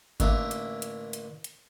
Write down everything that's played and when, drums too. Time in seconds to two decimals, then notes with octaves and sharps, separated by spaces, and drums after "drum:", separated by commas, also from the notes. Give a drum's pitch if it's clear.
0.20 A1 D3 A#3 E5, drum: kick G1, hi-hat
0.51 drum: hi-hat
0.82 drum: hi-hat
1.13 drum: hi-hat
1.44 drum: hi-hat